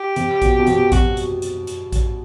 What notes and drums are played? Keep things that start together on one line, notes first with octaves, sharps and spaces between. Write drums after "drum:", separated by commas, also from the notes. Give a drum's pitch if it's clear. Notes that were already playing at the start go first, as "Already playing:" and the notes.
Already playing: G4
C3, drum: hi-hat
B2, drum: kick A1, hi-hat
B2
C3, drum: hi-hat
C3 F#4, drum: kick A1, hi-hat
drum: hi-hat
drum: hi-hat
drum: hi-hat
drum: kick A1, hi-hat